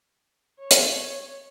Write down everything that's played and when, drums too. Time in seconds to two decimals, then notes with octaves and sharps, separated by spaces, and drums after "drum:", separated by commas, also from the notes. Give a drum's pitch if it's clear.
0.59 C#5
0.71 drum: hi-hat